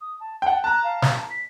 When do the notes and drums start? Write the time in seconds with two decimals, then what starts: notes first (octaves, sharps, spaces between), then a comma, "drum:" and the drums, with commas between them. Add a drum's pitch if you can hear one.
0.01 D#6
0.20 A5
0.42 F#5 G5 A5
0.64 A5 A#5 F#6
0.84 F5
1.02 drum: snare
1.30 B6